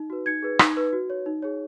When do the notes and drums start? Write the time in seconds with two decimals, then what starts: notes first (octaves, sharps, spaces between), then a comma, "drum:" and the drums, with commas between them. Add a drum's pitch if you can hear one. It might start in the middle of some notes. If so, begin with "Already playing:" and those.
Already playing: D#4
0.10 F#4 B4
0.26 D#4 G#6 C#7
0.43 G#4 B4
0.59 D#4, drum: rim click
0.77 B4
0.93 F#4
1.10 C#5
1.26 D#4
1.43 G#4 C#5